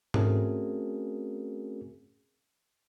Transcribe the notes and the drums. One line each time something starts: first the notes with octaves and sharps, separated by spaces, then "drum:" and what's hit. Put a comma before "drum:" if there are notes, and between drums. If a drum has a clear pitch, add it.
A3 C4 C#4 F#4 G#4 A#4, drum: tom G#2